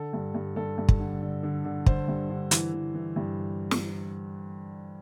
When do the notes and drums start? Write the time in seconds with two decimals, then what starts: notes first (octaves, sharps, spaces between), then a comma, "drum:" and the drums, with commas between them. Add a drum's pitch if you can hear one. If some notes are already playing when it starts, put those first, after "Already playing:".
Already playing: D3 A4
0.13 G2
0.35 G2
0.56 G2 A4
0.78 G2
0.88 drum: kick
1.00 D3
1.21 D3
1.43 D3
1.65 D3
1.86 D3 C5, drum: kick
2.08 G2
2.30 D3
2.51 E3, drum: hi-hat
2.73 E3
2.95 E3
3.16 G2
3.71 drum: snare